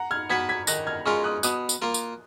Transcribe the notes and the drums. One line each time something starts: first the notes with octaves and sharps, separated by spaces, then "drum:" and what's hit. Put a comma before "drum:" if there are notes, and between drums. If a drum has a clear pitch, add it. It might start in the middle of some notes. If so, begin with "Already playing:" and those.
Already playing: F#5 A#5
F6 G#6
B3 F#4 B4 G#6 B6
G#6 B6
D#3 F#6 A#6, drum: tambourine
F6 G#6
G#3 C#4 F4 A#4 C#6 F6
D#6 F#6
B2 D#6 F#6, drum: tambourine
drum: tambourine
A#3 F4 A#4
drum: tambourine